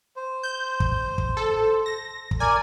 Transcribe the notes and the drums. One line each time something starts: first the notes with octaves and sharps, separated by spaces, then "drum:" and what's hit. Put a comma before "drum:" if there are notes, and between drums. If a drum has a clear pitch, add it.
C5
G6
drum: kick
drum: kick
A4
A#6
drum: kick
A#4 D5 G#5